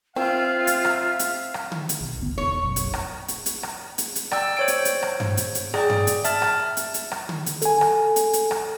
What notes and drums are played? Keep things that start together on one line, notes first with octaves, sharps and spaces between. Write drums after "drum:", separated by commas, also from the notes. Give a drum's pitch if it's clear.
C4 F4 E5 F5
drum: hi-hat
drum: rim click
drum: hi-hat
drum: rim click
drum: tom D3
drum: hi-hat
B1
F#1 C#2 B3
E1 C#5
F#1 B1 F#2
drum: hi-hat
drum: rim click
drum: hi-hat
drum: hi-hat
drum: rim click
drum: hi-hat
drum: hi-hat
D5 G5 E6, drum: rim click
C5 C#5 D7
drum: hi-hat
drum: hi-hat
drum: rim click
drum: tom G2
drum: hi-hat
drum: hi-hat
G#4 D5 G5, drum: rim click
drum: tom G2
drum: hi-hat
E5 A5 F6 A6, drum: hi-hat
drum: rim click
drum: hi-hat
drum: hi-hat
drum: rim click
drum: tom D3
drum: hi-hat
A4 G#5, drum: hi-hat
drum: rim click
drum: hi-hat
drum: hi-hat
drum: rim click